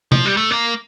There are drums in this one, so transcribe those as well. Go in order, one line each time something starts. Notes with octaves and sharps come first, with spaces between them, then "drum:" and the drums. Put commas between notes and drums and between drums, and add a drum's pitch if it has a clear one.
F3, drum: tom C3
G3
A3
A#3